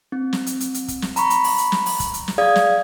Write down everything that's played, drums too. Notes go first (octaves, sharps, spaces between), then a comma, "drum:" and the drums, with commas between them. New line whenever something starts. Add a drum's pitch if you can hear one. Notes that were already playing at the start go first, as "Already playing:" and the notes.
C4
drum: snare
drum: hi-hat
drum: hi-hat
drum: hi-hat
drum: kick, hi-hat
drum: snare
A#5 B5 C#6, drum: hi-hat
drum: hi-hat
drum: open hi-hat
drum: hi-hat
drum: snare
drum: open hi-hat
drum: kick, hi-hat
drum: hi-hat
drum: snare
G#4 D5 F5 D#6 G#6
drum: snare